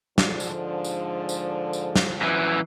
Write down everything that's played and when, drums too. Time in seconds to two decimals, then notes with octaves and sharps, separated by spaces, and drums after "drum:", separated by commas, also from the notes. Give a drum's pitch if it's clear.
0.18 G#2 D3 F3, drum: snare
0.40 drum: tambourine
0.84 drum: tambourine
1.29 drum: tambourine
1.73 drum: tambourine
1.96 drum: snare
2.21 F#2 E3